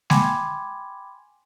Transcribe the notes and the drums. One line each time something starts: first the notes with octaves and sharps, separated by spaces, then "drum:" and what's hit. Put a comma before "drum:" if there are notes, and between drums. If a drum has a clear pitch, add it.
G5 G#5 B5 C6 D6 G#6, drum: snare G#3